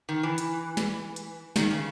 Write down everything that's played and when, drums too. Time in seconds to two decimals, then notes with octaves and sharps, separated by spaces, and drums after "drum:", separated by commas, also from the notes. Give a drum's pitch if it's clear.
0.09 D#3
0.23 E3
0.38 drum: hi-hat
0.77 drum: snare
1.16 drum: hi-hat
1.56 D#3, drum: snare
1.71 C#3